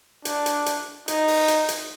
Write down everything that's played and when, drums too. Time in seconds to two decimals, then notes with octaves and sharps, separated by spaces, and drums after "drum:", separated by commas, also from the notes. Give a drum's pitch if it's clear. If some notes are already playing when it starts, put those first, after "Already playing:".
0.25 D4, drum: hi-hat
0.46 drum: hi-hat
0.66 drum: hi-hat
1.08 D#4, drum: hi-hat
1.28 drum: open hi-hat
1.48 drum: hi-hat
1.69 drum: hi-hat